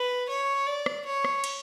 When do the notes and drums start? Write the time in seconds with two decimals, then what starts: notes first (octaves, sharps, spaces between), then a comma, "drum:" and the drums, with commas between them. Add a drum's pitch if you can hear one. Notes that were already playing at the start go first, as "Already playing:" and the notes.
Already playing: B4
0.29 C#5
0.67 D5
0.86 drum: rim click
1.05 C#5
1.25 drum: rim click
1.44 drum: cymbal